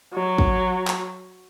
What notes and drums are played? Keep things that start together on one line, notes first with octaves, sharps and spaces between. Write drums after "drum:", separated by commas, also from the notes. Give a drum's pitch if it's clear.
F#3
drum: kick
drum: clap